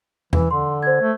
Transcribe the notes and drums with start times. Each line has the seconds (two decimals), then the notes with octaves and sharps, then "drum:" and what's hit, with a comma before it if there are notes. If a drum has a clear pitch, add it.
0.33 E3, drum: tom E2
0.51 D3 C6
0.83 C5 G#6
1.01 A3